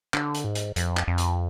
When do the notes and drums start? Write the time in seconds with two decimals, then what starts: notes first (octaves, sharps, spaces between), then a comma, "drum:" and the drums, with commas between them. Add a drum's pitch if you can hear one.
0.14 D3, drum: clap
0.34 drum: hi-hat
0.44 G#2
0.55 drum: hi-hat
0.76 F2, drum: hi-hat
0.97 drum: clap
1.07 F2
1.18 drum: hi-hat